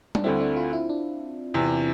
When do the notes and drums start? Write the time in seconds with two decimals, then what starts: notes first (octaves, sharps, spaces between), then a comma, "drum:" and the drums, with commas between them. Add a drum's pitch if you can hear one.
0.15 D4, drum: tom G3
0.24 D2 D3 A3 C4 E4
0.40 D4
0.56 F4
0.73 E4
0.90 D4
1.54 E2 C3 E3